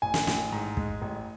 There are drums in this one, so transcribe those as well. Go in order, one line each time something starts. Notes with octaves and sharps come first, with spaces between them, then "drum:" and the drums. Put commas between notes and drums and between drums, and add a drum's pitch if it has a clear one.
A1 G#5
drum: snare
A1, drum: snare
G#2
G#3, drum: kick
A1